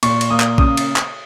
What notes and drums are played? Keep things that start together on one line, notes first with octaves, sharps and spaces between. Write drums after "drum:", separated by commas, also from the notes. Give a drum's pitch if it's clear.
A#2 C#6, drum: cymbal
drum: cymbal
A#3 D#6
drum: clap
C#3 D#6, drum: kick A#1
drum: cymbal
drum: clap